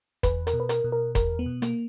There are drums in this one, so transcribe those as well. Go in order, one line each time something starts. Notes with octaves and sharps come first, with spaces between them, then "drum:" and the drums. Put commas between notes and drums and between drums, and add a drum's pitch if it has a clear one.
E2 B4, drum: kick E1, hi-hat
A#4, drum: hi-hat
B2
B4
A#4, drum: hi-hat
B2
A#4
E2 A#4, drum: kick E1, hi-hat
B3
B2
A#3, drum: hi-hat